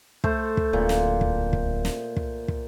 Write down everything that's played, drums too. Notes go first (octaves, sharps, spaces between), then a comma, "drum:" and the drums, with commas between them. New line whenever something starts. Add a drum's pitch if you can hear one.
A3 C5, drum: kick
drum: kick
D1 A#2
drum: snare
drum: kick
drum: kick
drum: snare
drum: kick
drum: kick